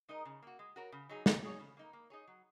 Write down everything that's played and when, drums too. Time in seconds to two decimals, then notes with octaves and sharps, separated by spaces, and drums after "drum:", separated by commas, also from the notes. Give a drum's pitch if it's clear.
0.09 G#3 D#4 A#4 D#5
0.25 C#3
0.42 A#3 F#4
0.59 G#3
0.76 F#4 A#4 C#5
0.92 C#3
1.09 F#3 D#4 G#4
1.26 A#3, drum: snare
1.44 D#4 G#4 C#5
1.60 C#3
1.77 A#3 D#4
1.93 A#3
2.10 D#4 G#4 C#5
2.27 F#3